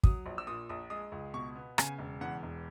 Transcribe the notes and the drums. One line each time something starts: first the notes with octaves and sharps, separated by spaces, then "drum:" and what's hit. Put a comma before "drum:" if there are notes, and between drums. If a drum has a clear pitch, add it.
F#3 D#6, drum: kick
A#1
E6
A#2 D#6
A#1 D#6
G#3 D#6
C#2
B2 C#6
B3
C#3 G#5, drum: rim click
E1
E2 F#5
E1